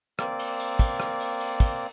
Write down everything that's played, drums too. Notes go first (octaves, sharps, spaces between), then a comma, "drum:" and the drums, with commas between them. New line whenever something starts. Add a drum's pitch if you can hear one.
A#3 C4 D5, drum: rim click
drum: cymbal
drum: cymbal
drum: kick, cymbal
drum: rim click
drum: cymbal
drum: cymbal
drum: kick, cymbal